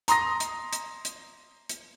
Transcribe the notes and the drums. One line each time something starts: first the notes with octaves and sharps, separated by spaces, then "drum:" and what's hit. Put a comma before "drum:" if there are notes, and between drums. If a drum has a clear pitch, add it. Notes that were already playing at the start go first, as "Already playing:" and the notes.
A#5 C6 D#6 A#6, drum: hi-hat
drum: hi-hat
drum: hi-hat
drum: hi-hat
drum: hi-hat